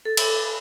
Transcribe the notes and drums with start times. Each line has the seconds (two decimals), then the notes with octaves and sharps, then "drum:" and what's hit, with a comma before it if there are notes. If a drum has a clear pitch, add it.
0.05 A4
0.17 drum: cymbal